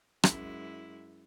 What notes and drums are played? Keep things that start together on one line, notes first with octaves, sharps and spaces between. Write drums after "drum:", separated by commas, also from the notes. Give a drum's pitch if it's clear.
F#2 G#3 E4, drum: rim click